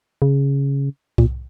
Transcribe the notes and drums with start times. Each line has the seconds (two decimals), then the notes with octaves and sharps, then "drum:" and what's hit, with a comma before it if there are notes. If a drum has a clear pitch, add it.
0.22 C#3
1.18 A#2, drum: kick C2